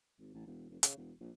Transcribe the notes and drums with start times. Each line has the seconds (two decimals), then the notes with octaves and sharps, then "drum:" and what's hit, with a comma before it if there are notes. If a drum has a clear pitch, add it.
0.19 G#1
0.34 A1
0.47 E1
0.70 F1
0.83 C#3, drum: hi-hat
0.97 E1
1.20 A#1